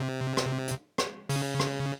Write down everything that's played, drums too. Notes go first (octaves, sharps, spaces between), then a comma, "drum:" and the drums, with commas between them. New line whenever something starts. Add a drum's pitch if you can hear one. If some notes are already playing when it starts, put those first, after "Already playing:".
Already playing: C3
drum: rim click
drum: hi-hat
drum: rim click
C#3, drum: open hi-hat
drum: rim click